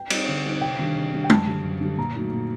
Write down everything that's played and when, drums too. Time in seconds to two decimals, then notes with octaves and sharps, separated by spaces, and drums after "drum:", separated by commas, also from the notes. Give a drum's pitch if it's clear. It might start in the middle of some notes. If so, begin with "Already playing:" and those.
Already playing: G5
0.10 G3 C4 D#4, drum: cymbal
0.28 D3
0.45 G3 C4 D#4
0.61 C3 G5
0.79 D#3 G3 D4
0.96 C3
1.13 D#3 G3 D4
1.24 G5
1.30 F#2 A5, drum: tom
1.47 D3 G3
1.64 F#2
1.81 D3 G3
1.97 A#2 A#5
2.16 F#3 A3 D#4
2.33 A#2